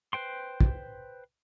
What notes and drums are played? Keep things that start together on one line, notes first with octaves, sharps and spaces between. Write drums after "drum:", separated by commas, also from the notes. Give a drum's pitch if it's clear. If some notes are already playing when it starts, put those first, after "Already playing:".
B4 C5 G5 C6
drum: kick